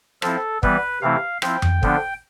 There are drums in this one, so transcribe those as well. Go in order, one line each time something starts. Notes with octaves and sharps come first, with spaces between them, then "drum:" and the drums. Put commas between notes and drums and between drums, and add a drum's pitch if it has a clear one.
F3 C4 E4 A4, drum: rim click
E3 G3 B3 B4, drum: kick
C3 E3 A3 C4 E4 F5
F3 C4 E4 G5, drum: rim click
drum: tom F2
D3 F3 B3 D4, drum: kick